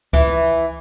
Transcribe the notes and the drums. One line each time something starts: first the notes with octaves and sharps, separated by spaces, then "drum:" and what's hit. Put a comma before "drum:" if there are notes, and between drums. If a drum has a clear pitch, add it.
E3, drum: kick C#2